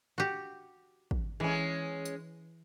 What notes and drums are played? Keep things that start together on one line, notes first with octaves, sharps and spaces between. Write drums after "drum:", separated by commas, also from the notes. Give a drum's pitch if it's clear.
F#4 G4
drum: kick
E3 G#3 C#4
drum: tambourine